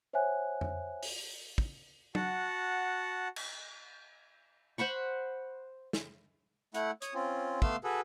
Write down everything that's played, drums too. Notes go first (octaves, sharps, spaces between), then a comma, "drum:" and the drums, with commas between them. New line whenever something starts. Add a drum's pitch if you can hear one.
C5 C#5 E5 F#5 G#5 F#6
drum: tom F2
drum: open hi-hat
drum: kick
F#4 F#5 A5, drum: tom
drum: cymbal
C5 F#5 B5 C#6
drum: snare
A3 E4 F#5, drum: hi-hat
C#5 D#6, drum: hi-hat
C4 C#4 F4
A3 B3 F5 C6 E6, drum: kick
F#4 G#4 A4 B4